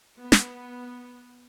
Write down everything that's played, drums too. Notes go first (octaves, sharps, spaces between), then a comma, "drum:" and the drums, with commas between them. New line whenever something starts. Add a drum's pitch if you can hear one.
B3
drum: snare